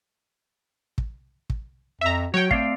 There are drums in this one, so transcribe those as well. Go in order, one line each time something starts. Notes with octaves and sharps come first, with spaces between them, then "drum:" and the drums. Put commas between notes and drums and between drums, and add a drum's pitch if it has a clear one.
drum: kick
drum: kick
F2 E5 A#5
F#3 F#4 C#5 G5
A3 C4 D5 F5, drum: kick